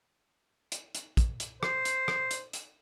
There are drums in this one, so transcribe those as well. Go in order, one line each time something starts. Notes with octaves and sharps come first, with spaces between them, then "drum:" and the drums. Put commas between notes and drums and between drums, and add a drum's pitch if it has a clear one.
drum: hi-hat
drum: hi-hat
drum: kick, hi-hat
drum: hi-hat
C5, drum: rim click
drum: hi-hat
drum: rim click
drum: hi-hat
drum: hi-hat